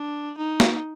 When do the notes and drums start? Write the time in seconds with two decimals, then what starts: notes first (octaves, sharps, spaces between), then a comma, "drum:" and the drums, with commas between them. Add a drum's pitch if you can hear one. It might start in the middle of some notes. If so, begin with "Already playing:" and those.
Already playing: D4
0.38 D#4
0.60 drum: snare